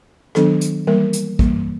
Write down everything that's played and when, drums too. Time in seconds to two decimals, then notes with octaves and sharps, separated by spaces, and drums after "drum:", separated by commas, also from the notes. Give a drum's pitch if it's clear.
0.35 D#3 F#3 B3 D4 A4, drum: rim click
0.61 drum: hi-hat
0.87 E3 G3 A#3 A#4
1.13 drum: hi-hat
1.39 E3 G3 A#3, drum: kick